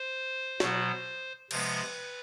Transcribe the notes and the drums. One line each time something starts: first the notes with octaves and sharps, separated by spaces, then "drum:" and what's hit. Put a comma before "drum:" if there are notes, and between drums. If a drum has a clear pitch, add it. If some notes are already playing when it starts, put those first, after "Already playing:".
Already playing: C5
B2 F#3 B3, drum: snare
C3 F3 G#3 B3 B4, drum: cymbal